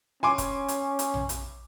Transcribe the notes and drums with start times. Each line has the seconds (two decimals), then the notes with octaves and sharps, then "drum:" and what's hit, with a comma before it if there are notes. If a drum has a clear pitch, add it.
0.23 C#4 G#5 C6 D6
0.38 drum: kick, hi-hat
0.68 drum: hi-hat
0.99 drum: hi-hat
1.14 drum: tom A#1
1.29 drum: hi-hat